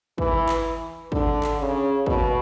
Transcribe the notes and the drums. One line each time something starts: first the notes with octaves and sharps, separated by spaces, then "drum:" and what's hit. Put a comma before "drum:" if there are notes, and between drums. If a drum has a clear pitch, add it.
E3, drum: kick
drum: clap
D3, drum: kick
drum: clap
C#3
B2, drum: kick